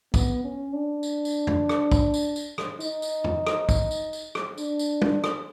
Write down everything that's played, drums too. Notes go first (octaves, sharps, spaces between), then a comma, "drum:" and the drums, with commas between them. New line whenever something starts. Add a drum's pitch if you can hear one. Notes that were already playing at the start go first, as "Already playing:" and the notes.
B3, drum: kick, tambourine
C#4
D4
drum: tambourine
drum: tambourine
drum: tom
drum: rim click
drum: kick, tambourine
drum: tambourine
drum: tambourine
drum: rim click
D#4, drum: tambourine
drum: tambourine
drum: tom
drum: rim click
drum: kick, tambourine
drum: tambourine
drum: tambourine
drum: rim click
D4, drum: tambourine
drum: tambourine
drum: tom
drum: rim click